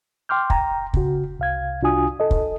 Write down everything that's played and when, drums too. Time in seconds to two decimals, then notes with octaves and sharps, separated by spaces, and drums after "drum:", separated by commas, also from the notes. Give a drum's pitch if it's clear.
0.29 G5 C6 D6 F6 G6
0.50 G5 A#5, drum: kick
0.94 C#3 F#4, drum: kick
1.39 C2 F5 G#6
1.82 C2 D4 F4 F#4 G#5 D#6
2.20 A4 D#5
2.31 drum: kick